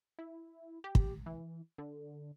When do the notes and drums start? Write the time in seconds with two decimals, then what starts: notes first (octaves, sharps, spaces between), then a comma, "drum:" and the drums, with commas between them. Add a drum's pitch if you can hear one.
0.19 E4
0.84 G4
0.95 drum: kick
1.26 E3
1.78 D3